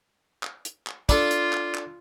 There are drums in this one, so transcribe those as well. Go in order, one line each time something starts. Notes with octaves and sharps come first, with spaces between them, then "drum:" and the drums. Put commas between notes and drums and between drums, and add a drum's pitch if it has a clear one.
drum: clap
drum: hi-hat
drum: clap
D4 F4 A4, drum: kick, hi-hat
drum: hi-hat
drum: clap
drum: clap